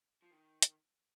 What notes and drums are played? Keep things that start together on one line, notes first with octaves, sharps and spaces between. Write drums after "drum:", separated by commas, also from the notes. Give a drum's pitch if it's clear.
F3
D#3
drum: hi-hat